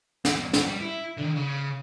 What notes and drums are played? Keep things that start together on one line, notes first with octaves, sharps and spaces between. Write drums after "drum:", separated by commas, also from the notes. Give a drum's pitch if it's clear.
E2 A#2, drum: snare
F#3 C4, drum: snare
G3
E4
D3 D#3
C#3